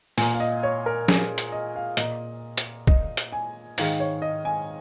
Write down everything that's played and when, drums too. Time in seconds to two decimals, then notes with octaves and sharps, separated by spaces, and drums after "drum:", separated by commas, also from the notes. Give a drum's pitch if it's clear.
0.18 A#2 A#3 G#5, drum: open hi-hat
0.34 F5
0.40 D#5
0.63 C#5
0.86 A#4
1.08 G#4, drum: snare
1.38 drum: hi-hat
1.52 D#5
1.76 F5
1.97 A#2 A#3 D#5, drum: hi-hat
2.58 drum: hi-hat
2.87 D#5, drum: kick
3.17 drum: hi-hat
3.32 G#5
3.78 G#2 D#3 G#3 F5, drum: open hi-hat
4.00 C#5
4.22 D#5
4.45 G#5